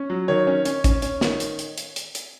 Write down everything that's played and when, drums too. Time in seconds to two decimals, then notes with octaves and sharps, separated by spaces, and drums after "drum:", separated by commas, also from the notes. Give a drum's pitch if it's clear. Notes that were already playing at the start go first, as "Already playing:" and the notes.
Already playing: C#4
0.10 F#3
0.28 D#3 C#5
0.47 C#4
0.65 C#4, drum: hi-hat
0.84 C#4, drum: kick, hi-hat
1.02 C#4, drum: hi-hat
1.21 D#3, drum: snare
1.40 drum: hi-hat
1.59 drum: hi-hat
1.78 drum: hi-hat
1.96 drum: hi-hat
2.15 drum: hi-hat